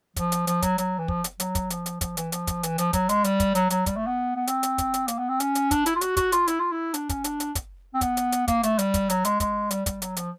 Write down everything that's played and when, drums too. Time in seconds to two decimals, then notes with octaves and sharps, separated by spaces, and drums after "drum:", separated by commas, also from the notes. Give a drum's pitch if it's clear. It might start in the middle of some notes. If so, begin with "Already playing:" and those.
0.16 F3, drum: kick, hi-hat
0.32 drum: hi-hat
0.47 F3, drum: hi-hat
0.62 F#3, drum: kick, hi-hat
0.78 F#3, drum: hi-hat
0.98 E3
1.08 F3, drum: kick
1.24 drum: hi-hat
1.40 F#3, drum: hi-hat
1.55 drum: kick, hi-hat
1.70 F3, drum: hi-hat
1.86 drum: hi-hat
2.01 F3, drum: kick, hi-hat
2.17 E3, drum: hi-hat
2.32 F3, drum: hi-hat
2.47 drum: kick, hi-hat
2.63 E3, drum: hi-hat
2.78 F3, drum: hi-hat
2.93 F#3, drum: kick, hi-hat
3.09 G#3, drum: hi-hat
3.24 G3, drum: hi-hat
3.40 drum: kick, hi-hat
3.55 F#3, drum: hi-hat
3.70 F#3, drum: hi-hat
3.86 G3, drum: kick, hi-hat
3.96 A3
4.07 B3
4.36 B3
4.47 C4, drum: hi-hat
4.63 drum: hi-hat
4.78 drum: kick, hi-hat
4.94 drum: hi-hat
5.08 A#3, drum: hi-hat
5.18 B3
5.29 C4
5.40 C#4, drum: hi-hat
5.55 drum: hi-hat
5.71 D4, drum: kick, hi-hat
5.86 E4, drum: hi-hat
5.95 F4
6.01 F#4, drum: hi-hat
6.17 F#4, drum: kick, hi-hat
6.32 F4, drum: hi-hat
6.48 E4, drum: hi-hat
6.59 F4
6.72 E4
6.94 D4, drum: hi-hat
7.09 C#4, drum: kick, hi-hat
7.24 D4, drum: hi-hat
7.40 drum: hi-hat
7.55 drum: kick, hi-hat
7.94 C4
8.01 B3, drum: kick, hi-hat
8.17 drum: hi-hat
8.32 drum: hi-hat
8.48 A#3, drum: kick, hi-hat
8.63 A3, drum: hi-hat
8.79 G3, drum: hi-hat
8.94 drum: kick, hi-hat
9.10 F#3, drum: hi-hat
9.25 G#3, drum: hi-hat
9.40 G#3, drum: kick, hi-hat
9.71 G3, drum: hi-hat
9.86 G3, drum: kick, hi-hat
10.02 F#3, drum: hi-hat
10.16 F3, drum: hi-hat